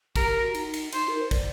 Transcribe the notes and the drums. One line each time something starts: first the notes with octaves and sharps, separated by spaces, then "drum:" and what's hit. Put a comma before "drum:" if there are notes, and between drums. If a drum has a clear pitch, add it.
G4 A#4, drum: kick, cymbal
G4
F#4
D#4, drum: cymbal
drum: cymbal
D#4 C5, drum: cymbal
A#4
C5
D5, drum: kick, cymbal